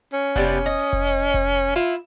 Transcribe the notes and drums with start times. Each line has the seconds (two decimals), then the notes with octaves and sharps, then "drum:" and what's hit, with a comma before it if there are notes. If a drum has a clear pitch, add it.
0.13 C#4
0.36 C3 G3 B3, drum: kick F1
0.51 drum: hi-hat
0.66 D#5
0.79 drum: hi-hat
0.93 drum: kick F1
1.07 drum: open hi-hat
1.34 drum: kick F1
1.76 E4 F4